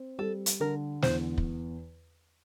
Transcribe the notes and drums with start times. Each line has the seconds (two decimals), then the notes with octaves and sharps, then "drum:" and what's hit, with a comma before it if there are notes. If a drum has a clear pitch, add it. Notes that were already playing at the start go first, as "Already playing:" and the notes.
Already playing: C4
0.19 G3 A4
0.46 drum: hi-hat
0.60 D3 A#4
1.02 E2 C5, drum: snare
1.38 drum: kick